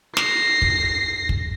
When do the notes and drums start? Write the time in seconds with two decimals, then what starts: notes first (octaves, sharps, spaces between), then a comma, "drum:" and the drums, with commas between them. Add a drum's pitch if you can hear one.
0.17 A#6 C7, drum: snare
0.62 drum: kick
1.29 drum: kick